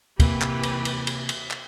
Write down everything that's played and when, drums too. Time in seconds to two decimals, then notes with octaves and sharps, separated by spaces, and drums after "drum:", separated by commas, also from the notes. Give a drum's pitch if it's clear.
0.20 C3 E3 A#3 G4 B4, drum: kick, cymbal
0.41 drum: clap
0.63 drum: cymbal
0.85 drum: cymbal
1.07 drum: cymbal
1.29 drum: cymbal
1.51 drum: clap